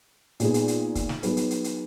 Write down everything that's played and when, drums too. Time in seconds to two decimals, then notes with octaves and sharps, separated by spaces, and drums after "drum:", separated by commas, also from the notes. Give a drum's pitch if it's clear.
0.40 A#2 G#3 B3 D#4 G#4, drum: hi-hat
0.54 drum: hi-hat
0.68 drum: hi-hat
0.95 drum: kick, hi-hat
1.09 drum: snare
1.23 F#3 B3 D#4 G#4 B4, drum: hi-hat
1.37 drum: hi-hat
1.50 drum: hi-hat
1.64 drum: hi-hat